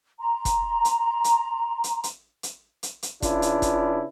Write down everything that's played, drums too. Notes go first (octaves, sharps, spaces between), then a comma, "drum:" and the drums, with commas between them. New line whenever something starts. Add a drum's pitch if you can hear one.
A#5 C6
drum: kick, hi-hat
drum: hi-hat
drum: hi-hat
drum: hi-hat
drum: hi-hat
drum: hi-hat
drum: hi-hat
drum: hi-hat
C#3 D4 E4 F4 B4, drum: kick, hi-hat
drum: hi-hat
drum: kick, hi-hat